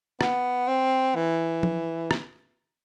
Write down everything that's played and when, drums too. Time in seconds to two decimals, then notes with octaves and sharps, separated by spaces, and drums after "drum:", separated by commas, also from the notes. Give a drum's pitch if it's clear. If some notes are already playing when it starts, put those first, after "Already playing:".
0.21 B3, drum: rim click
0.68 C4
1.16 E3
1.63 drum: tom F3
2.11 drum: rim click